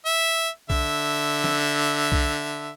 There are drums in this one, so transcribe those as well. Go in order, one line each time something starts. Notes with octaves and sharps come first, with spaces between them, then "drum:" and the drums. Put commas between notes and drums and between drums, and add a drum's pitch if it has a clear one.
E5
D3 E5, drum: kick B1
drum: snare
drum: kick B1